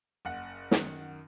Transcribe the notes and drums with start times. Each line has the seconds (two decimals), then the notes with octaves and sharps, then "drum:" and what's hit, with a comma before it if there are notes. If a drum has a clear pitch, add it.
0.25 F#1 F#5
0.71 F#2 D#3, drum: snare